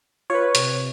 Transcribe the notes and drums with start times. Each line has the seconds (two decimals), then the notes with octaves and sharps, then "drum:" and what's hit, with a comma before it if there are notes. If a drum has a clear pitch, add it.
0.30 F4 B4 C#5
0.55 C3, drum: hi-hat